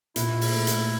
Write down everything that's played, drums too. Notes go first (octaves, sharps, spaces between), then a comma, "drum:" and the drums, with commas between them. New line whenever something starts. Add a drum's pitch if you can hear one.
A#2 E4, drum: hi-hat
drum: open hi-hat
A3
drum: hi-hat